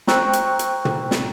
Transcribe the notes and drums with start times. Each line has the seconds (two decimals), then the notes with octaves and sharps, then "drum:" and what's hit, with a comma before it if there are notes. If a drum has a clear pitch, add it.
0.07 C5 G5 A#5 C#6 E6 F#6, drum: snare
0.33 drum: hi-hat
0.59 drum: hi-hat
0.85 drum: tom
1.11 drum: snare